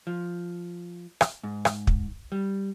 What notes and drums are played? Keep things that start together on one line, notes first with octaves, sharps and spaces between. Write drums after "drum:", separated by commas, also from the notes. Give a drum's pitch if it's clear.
F3
drum: rim click
G#2
drum: rim click
drum: kick
G3